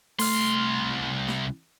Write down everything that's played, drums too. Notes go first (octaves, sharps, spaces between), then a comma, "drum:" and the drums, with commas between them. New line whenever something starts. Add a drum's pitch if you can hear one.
C2 A3 C6 F6, drum: open hi-hat
drum: snare